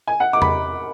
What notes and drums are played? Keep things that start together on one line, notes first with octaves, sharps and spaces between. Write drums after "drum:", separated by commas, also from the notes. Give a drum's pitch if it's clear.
G#5
F#5
D6
B5, drum: tom E2